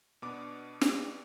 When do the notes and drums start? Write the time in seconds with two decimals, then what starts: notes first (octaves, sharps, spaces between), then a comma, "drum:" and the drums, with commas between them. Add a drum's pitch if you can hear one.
0.22 B2 B3 D4 D6
0.81 drum: snare